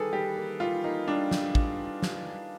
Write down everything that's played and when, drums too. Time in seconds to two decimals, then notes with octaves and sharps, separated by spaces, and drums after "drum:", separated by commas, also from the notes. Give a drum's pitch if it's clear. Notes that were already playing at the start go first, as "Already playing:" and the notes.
Already playing: D#3 G3 G#4 A4 B4
0.13 G3 G4
0.36 A#3
0.60 G3 F4
0.84 A#3 D#4
1.08 G3 D4
1.31 drum: snare
1.55 drum: kick A1
2.02 drum: snare